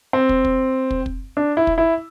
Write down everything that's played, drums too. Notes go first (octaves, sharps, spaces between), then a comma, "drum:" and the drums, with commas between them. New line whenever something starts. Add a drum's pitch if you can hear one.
C4
drum: kick
drum: kick
drum: kick
drum: kick
D4
E4
drum: kick
E4